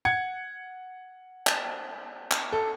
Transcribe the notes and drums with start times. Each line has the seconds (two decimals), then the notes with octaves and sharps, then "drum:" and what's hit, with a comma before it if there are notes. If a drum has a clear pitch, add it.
0.05 F#5 G#6 C#7
1.47 drum: clap
2.31 drum: clap
2.52 A4